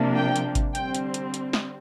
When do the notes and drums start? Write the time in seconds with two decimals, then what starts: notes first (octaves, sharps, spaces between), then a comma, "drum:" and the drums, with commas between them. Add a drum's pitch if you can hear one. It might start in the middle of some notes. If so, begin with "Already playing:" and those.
Already playing: C3 F3 A#3 D4
0.15 G5
0.36 drum: hi-hat
0.55 drum: kick G#1, hi-hat
0.75 D3 G3 C4 G5, drum: hi-hat
0.95 drum: hi-hat
1.14 drum: hi-hat
1.34 drum: hi-hat
1.53 drum: snare